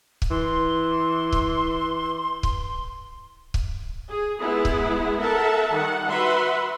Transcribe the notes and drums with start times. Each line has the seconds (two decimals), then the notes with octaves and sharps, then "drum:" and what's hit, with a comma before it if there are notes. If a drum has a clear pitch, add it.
0.22 drum: kick C#1
0.31 E3 C6
1.32 drum: kick C#1
2.43 drum: kick C#1
3.54 drum: kick C#1
4.09 G#4
4.39 G#3 B3 E4 G#4
4.65 drum: kick C#1
5.19 A4 A#4 E5 F#5 A5
5.72 D#3 G3 F#5
6.07 F#4 B4 E5 F#5 B5 C6